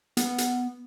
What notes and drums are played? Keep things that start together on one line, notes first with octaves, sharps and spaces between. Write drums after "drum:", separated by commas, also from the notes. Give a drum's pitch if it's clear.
B3, drum: hi-hat
drum: hi-hat